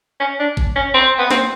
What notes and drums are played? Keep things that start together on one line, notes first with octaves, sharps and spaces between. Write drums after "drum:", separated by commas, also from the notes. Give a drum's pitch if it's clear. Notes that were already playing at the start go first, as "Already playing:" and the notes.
C#4
D4
drum: kick G#1
C#4
C4
B3
C4, drum: snare